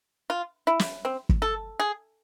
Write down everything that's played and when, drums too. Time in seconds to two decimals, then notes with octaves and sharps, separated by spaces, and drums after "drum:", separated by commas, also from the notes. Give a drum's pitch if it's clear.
0.30 F4
0.67 E4
0.79 drum: snare
1.05 C4
1.29 drum: kick
1.42 A4
1.80 G#4